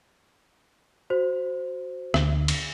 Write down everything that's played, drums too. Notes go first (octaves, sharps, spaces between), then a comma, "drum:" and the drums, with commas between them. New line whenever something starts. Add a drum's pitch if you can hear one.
F#4 C5
D2, drum: rim click
drum: cymbal